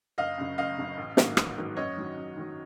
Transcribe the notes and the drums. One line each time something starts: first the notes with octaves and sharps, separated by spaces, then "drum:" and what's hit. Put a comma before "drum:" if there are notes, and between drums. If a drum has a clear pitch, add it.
F#1 D#5 F5
F#2 C#3
F#1 D#5 F5
F#2 C#3
A1
G#2 D#3 F#3 A#3, drum: snare
A1, drum: rim click
G#2 D#3 F#3 A#3
F#2 C#5 D#5
D#3 F#3
F#2
D#3 F#3